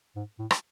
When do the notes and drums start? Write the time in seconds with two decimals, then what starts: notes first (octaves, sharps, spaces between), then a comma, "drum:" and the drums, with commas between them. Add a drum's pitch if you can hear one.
0.16 G#2
0.39 A2
0.51 drum: rim click